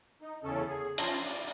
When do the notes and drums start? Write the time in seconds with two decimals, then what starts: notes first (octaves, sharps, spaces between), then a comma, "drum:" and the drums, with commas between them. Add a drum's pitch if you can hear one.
0.22 D#4
0.44 E2 C#3 C#4 A4
0.67 G#4
0.98 F3 C#4 A5 A#5 C6, drum: hi-hat
1.24 D5